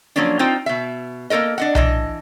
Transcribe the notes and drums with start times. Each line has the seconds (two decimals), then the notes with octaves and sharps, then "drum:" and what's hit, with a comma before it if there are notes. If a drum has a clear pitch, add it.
0.16 F3 F#3 A#3 C#4 D4
0.39 C4 D#4 F4 C5 G5
0.66 B2 E5
1.30 A#3 E4 A4 A#4 D#5
1.58 D4 D#5 F#5
1.75 E3 D#5 A5, drum: tom B1